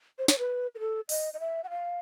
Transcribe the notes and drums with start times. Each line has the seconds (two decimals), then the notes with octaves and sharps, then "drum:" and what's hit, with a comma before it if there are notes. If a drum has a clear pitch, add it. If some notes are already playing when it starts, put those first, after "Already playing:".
0.18 C5
0.28 C#5, drum: snare
0.39 B4
0.75 A#4
0.79 A4
1.09 D#5, drum: open hi-hat
1.34 D#5
1.40 E5
1.64 F#5
1.70 F5